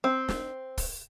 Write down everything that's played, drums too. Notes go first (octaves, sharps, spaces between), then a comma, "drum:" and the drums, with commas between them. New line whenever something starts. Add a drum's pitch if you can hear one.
C4
drum: snare
drum: kick, open hi-hat